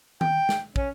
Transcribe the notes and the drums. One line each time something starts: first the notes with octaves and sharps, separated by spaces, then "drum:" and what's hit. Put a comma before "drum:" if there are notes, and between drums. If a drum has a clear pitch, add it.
G5, drum: tom D#3
drum: snare
C#4, drum: kick